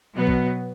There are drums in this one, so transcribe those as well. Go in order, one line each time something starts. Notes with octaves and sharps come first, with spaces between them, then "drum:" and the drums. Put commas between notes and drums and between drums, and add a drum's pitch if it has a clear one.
B2 F#3 B3
drum: kick